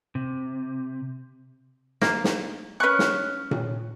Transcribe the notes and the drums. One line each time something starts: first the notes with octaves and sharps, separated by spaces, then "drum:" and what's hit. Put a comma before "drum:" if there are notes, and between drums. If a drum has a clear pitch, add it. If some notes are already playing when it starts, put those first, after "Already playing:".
C3
A#3, drum: snare
drum: snare
C#4 B4 C#6 F#6
drum: snare
drum: tom A#2